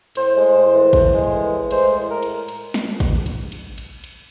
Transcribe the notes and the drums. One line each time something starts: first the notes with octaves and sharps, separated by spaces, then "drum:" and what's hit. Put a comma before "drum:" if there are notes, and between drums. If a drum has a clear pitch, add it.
A2 C5, drum: cymbal
G#3
A2
E3
A2, drum: kick A1, cymbal
G#3
E3
A2
G#3 C5, drum: cymbal
A2
A2 A#4
drum: cymbal
drum: cymbal
drum: snare
drum: kick A1, cymbal
drum: cymbal
drum: cymbal
drum: cymbal
drum: cymbal